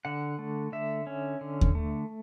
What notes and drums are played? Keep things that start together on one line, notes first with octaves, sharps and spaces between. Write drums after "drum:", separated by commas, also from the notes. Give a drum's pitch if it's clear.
D3 F#5
A3
D3 E5
C#4
D3
drum: kick D#2
A3